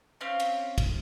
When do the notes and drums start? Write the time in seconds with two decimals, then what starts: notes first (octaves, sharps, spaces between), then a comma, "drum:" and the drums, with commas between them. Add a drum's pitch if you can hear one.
0.21 C4 C#4 F5
0.40 drum: cymbal
0.78 drum: kick, cymbal